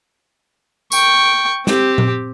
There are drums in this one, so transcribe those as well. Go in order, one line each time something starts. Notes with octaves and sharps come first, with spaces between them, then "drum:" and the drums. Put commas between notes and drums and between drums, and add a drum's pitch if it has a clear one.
G5 C#6, drum: tambourine
C4 G4, drum: snare
drum: tom A#2